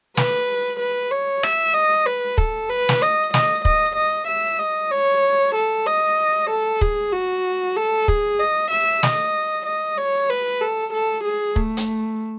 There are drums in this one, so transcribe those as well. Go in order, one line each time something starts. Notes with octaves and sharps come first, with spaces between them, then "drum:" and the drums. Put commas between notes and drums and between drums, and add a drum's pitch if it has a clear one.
B4, drum: snare
B4
C#5
E5, drum: rim click
D#5
B4
A4, drum: kick
B4
drum: snare
D#5
D#5, drum: snare
D#5, drum: kick
D#5
E5
D#5
C#5
A4
D#5
A4
G#4, drum: kick
F#4
A4
G#4, drum: kick
D#5
E5
D#5, drum: snare
D#5
C#5
B4
A4
A4
G#4
A3, drum: kick
drum: hi-hat